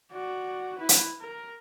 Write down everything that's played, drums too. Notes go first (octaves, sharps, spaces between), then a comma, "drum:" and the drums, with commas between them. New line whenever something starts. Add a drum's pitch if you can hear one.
F#4 D5
E4 B4
drum: hi-hat
A#4